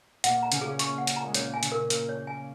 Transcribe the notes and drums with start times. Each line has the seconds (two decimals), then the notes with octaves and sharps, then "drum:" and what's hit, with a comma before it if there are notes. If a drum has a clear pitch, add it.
0.24 A#2 A#3 F#5, drum: hi-hat
0.43 A#5
0.52 C#3 C#4, drum: hi-hat
0.61 G#4
0.79 C#6, drum: hi-hat
0.98 F#5
1.07 drum: hi-hat
1.16 A#5
1.24 G#3
1.34 A#2 A#3 C#5, drum: hi-hat
1.54 G#5
1.63 C#3 C#4, drum: hi-hat
1.72 A#4
1.90 A#2 A#3 A#4, drum: hi-hat
2.09 C#5
2.27 G#5